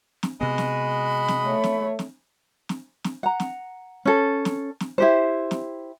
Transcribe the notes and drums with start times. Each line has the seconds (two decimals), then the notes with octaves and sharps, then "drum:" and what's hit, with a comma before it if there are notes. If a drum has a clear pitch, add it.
0.23 drum: snare
0.41 C3 G#3 B3 F#4 D#5 B5
0.58 drum: snare
1.28 drum: snare
1.44 A3 C#5
1.64 drum: snare
1.99 drum: snare
2.69 drum: snare
3.04 drum: snare
3.23 F#5 A#5
3.40 drum: snare
4.05 C#4 A4
4.45 drum: snare
4.80 drum: snare
4.98 E4 G4 C5
5.51 drum: snare